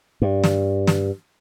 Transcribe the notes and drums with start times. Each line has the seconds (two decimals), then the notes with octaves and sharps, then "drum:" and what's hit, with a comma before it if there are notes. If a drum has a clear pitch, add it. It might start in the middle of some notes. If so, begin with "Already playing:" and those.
0.22 G2
0.44 drum: snare
0.87 drum: snare